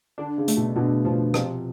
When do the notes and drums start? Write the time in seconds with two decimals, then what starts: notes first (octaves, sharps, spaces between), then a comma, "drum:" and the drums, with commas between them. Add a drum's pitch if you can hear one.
0.18 D3 D4
0.38 C#3
0.48 A3, drum: hi-hat
0.57 B2
0.76 B2 D3
1.05 B2 F3
1.34 C3 F3, drum: rim click